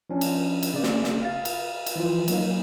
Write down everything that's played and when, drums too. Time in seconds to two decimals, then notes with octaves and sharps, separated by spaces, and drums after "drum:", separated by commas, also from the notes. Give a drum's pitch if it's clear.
0.10 F3 C#4 D4
0.21 drum: cymbal
0.63 drum: cymbal
0.74 C#3 D5
0.83 drum: snare
1.04 drum: snare
1.22 F5 A6
1.45 drum: cymbal
1.86 drum: cymbal
1.96 E3 F3 F4
2.28 F#3 A#3 D#4, drum: cymbal